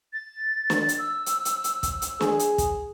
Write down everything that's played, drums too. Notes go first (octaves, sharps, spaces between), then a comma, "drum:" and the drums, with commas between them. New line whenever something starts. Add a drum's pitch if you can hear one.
A6
drum: snare
drum: hi-hat
E6
drum: hi-hat
drum: hi-hat
drum: hi-hat
drum: kick, hi-hat
drum: hi-hat
G#4, drum: snare
drum: hi-hat
drum: kick, hi-hat